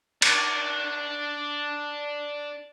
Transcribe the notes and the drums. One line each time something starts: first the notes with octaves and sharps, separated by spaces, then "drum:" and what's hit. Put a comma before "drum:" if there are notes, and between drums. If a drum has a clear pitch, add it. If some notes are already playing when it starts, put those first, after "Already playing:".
D4 D5, drum: cymbal